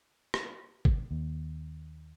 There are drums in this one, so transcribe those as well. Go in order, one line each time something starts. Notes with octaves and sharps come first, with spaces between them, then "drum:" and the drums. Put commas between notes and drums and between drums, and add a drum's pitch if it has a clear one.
drum: rim click
drum: kick G#1
D#2